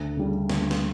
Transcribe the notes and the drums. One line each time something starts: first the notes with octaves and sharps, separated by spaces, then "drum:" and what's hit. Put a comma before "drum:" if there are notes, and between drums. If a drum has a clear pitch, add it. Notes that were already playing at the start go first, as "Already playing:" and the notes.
Already playing: D2
C#3 G3
D2, drum: snare
drum: snare